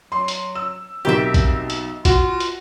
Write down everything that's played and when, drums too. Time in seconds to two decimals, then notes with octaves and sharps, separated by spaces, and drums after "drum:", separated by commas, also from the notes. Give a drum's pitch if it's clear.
0.12 F#3 C6
0.28 drum: hi-hat
0.55 E6
1.05 B1 A#3 C4 G4 E5
1.34 drum: kick, hi-hat
1.70 drum: hi-hat
2.05 F4 F#4, drum: kick, hi-hat
2.40 drum: hi-hat